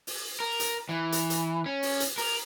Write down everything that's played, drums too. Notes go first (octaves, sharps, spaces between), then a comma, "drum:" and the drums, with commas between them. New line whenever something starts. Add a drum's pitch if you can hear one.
drum: open hi-hat
A#4
drum: hi-hat
E3
drum: hi-hat
drum: hi-hat
C#4
drum: open hi-hat
drum: hi-hat
A#4, drum: open hi-hat